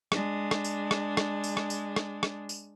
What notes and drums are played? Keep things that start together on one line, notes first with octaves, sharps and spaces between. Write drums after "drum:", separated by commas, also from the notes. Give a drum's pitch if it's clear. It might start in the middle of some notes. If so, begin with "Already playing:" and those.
G#3 D4, drum: rim click
drum: rim click
drum: tambourine
drum: rim click
drum: rim click
drum: tambourine
drum: rim click
drum: tambourine
drum: rim click
drum: rim click
drum: tambourine